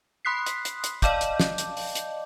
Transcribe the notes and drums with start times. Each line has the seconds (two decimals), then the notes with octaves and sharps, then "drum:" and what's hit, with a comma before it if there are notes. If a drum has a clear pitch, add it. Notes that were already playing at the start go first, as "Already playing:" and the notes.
0.25 B5 C6 D#6 F#6 B6 C7
0.47 drum: hi-hat
0.65 drum: hi-hat
0.84 drum: hi-hat
1.02 D5 D#5 F5 A5 D6 G6, drum: kick, hi-hat
1.21 drum: hi-hat
1.40 drum: snare
1.58 drum: hi-hat
1.77 drum: open hi-hat
1.95 drum: hi-hat